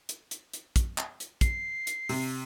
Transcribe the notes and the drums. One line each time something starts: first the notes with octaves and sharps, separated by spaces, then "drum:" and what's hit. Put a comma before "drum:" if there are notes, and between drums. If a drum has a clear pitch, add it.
drum: hi-hat
drum: hi-hat
drum: hi-hat
drum: kick, hi-hat
drum: clap
drum: hi-hat
C7, drum: kick, hi-hat
drum: hi-hat
C3, drum: open hi-hat